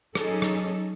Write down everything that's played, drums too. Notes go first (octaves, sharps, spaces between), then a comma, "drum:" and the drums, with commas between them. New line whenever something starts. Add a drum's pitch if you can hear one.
F#3 C#4 D#4 G#4 A4, drum: rim click
drum: rim click